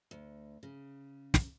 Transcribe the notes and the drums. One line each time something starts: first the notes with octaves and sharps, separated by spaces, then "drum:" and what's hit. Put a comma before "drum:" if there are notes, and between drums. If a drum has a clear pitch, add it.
D2
C#3
drum: snare